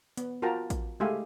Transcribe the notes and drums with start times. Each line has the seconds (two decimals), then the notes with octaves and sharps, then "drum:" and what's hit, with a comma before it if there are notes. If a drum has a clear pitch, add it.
0.17 B3, drum: hi-hat
0.42 F4 F#4 A#4 G5 A5 A#5
0.70 drum: kick, hi-hat
1.00 G#3 A3 G4 E5 F5 G#5